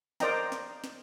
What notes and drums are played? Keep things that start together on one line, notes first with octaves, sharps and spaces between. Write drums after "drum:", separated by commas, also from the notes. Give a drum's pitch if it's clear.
A#4 C5 D5 D#5 G5 A#5, drum: snare
drum: snare
drum: snare